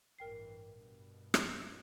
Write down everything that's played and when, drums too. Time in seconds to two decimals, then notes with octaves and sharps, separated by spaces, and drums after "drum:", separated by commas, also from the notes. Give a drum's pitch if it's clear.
0.19 A1 G2 E3 A#4 G5 C7
0.74 G2 B2
1.34 drum: rim click